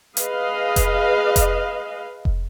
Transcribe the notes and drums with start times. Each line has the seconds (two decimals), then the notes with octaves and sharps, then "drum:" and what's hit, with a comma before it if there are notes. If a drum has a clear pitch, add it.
0.17 G#4 B4 D#5 F5, drum: hi-hat
0.76 drum: kick F1, hi-hat
1.36 drum: kick F1, hi-hat
2.25 drum: kick F1